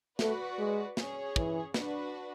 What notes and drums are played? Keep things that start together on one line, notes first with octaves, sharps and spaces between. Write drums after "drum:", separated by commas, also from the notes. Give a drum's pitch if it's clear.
A3 F#4 B4 D5, drum: snare
G#3
C#4 G#4 C#5, drum: snare
E3, drum: kick
D4 F#4 B4, drum: snare